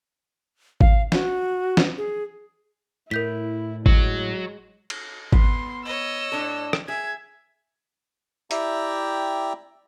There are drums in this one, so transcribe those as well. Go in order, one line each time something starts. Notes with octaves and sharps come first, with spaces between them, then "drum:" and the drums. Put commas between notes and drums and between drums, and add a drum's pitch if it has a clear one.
F5, drum: kick G#1
F#4, drum: snare
drum: snare
G#4
A2 E4 A#4 G6 B6
F#3 G#3, drum: kick G#1
drum: cymbal
B3 C6, drum: kick G#1
C#5 D#5 E6
A2 D4 A4
drum: rim click
G#4 E5 G#6
E4 G4 D5 E5 G5 A#5, drum: hi-hat